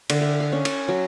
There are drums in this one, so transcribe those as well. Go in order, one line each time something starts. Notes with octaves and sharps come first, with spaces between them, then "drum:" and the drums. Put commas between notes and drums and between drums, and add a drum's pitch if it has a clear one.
D3, drum: cymbal
E5
F5
C#4
G#5, drum: cymbal
F#3